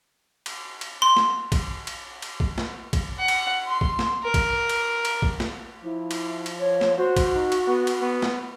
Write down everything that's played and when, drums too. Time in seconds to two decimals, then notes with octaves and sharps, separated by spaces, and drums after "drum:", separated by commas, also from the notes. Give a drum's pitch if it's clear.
0.46 drum: cymbal
0.81 drum: cymbal
1.02 C6
1.17 drum: snare
1.52 drum: kick A#1, cymbal
1.87 drum: cymbal
2.22 drum: cymbal
2.40 drum: kick A#1
2.58 drum: snare
2.93 drum: kick A#1, cymbal
3.19 F#5
3.28 drum: cymbal
3.67 C6
3.81 drum: kick A#1
3.99 drum: snare
4.24 A#4
4.34 drum: kick A#1, cymbal
4.69 drum: cymbal
5.05 drum: cymbal
5.22 drum: kick A#1
5.40 drum: snare
5.84 F3 E4
6.11 drum: cymbal
6.46 drum: cymbal
6.60 C#5
6.81 drum: snare
6.97 F#4 C5
7.16 drum: kick A#1, cymbal
7.34 D#4
7.52 drum: cymbal
7.67 B3
7.87 drum: cymbal
8.01 B3
8.22 drum: snare